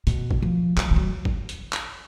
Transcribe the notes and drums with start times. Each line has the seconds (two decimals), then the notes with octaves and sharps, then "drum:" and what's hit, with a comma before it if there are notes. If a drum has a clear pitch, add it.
0.07 B2, drum: hi-hat
0.31 drum: kick G1
0.43 F3
0.77 F3, drum: clap
0.91 F3
0.96 F#3
1.25 drum: kick G1
1.49 drum: hi-hat
1.73 drum: clap